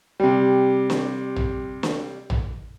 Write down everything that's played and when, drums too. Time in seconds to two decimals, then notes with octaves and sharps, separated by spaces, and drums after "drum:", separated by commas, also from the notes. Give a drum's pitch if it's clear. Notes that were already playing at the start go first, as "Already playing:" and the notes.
0.20 C3 G3
0.90 drum: snare
1.36 drum: tom A#1
1.83 drum: snare
2.30 drum: tom A#1